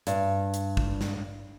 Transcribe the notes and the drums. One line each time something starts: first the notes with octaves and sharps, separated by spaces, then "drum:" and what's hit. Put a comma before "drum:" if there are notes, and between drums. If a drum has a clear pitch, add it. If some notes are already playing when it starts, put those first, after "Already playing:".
G2, drum: hi-hat
drum: hi-hat
drum: kick
drum: snare